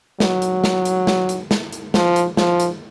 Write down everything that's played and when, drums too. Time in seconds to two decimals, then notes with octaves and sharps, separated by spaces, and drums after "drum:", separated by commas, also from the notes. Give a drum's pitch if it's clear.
0.20 F#3, drum: snare
0.42 drum: hi-hat
0.64 drum: snare
0.85 drum: hi-hat
1.07 drum: snare
1.29 drum: hi-hat
1.51 drum: snare
1.73 drum: hi-hat
1.94 F3, drum: snare
2.16 drum: hi-hat
2.37 F3, drum: snare
2.60 drum: hi-hat